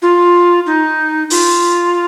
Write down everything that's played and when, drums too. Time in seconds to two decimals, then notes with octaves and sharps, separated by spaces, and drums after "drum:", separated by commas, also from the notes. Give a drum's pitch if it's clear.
0.02 F4
0.66 D#4
1.30 F4, drum: open hi-hat